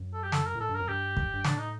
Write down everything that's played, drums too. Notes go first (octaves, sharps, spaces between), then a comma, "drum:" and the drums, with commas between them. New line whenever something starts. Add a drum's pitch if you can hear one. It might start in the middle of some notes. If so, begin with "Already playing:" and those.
Already playing: F#2
A4
G4
A4, drum: snare
A#4
A#2
A2 A4
G2
F#2 A#4
G2 G4
drum: kick
G2
A2 D4, drum: snare
D#4